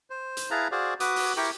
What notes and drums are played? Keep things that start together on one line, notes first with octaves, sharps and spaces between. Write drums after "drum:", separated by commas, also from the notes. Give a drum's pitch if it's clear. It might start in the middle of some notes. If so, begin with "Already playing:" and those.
C5
drum: hi-hat
E4 G#4 B4 F5 A5 A#5
F#4 G#4 C5 D5 F5
F#4 B4 D6 D#6, drum: hi-hat
drum: open hi-hat
E4 G4 A#4 G5 C#6 D6